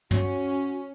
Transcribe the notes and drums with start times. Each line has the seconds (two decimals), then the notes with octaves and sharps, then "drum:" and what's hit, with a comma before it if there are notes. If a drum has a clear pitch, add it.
0.11 C#4 F#4, drum: tom